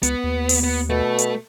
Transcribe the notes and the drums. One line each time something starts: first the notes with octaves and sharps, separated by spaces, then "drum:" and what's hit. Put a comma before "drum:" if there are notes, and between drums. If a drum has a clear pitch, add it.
C#2 B3, drum: hi-hat
D#2
drum: open hi-hat
B3
B2 A3
drum: hi-hat